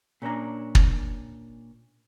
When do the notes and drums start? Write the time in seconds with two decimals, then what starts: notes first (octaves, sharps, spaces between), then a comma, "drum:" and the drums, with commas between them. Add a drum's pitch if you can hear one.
0.22 A#2 C#4 D4 A#5
0.75 drum: kick